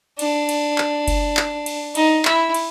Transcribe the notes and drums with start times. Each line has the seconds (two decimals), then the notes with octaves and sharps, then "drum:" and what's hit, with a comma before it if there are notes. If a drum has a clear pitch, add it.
0.19 D4, drum: cymbal
0.49 drum: cymbal
0.78 drum: clap
1.08 drum: kick F#1, cymbal
1.37 drum: clap
1.66 drum: cymbal
1.95 D#4, drum: cymbal
2.25 E4, drum: clap
2.54 drum: cymbal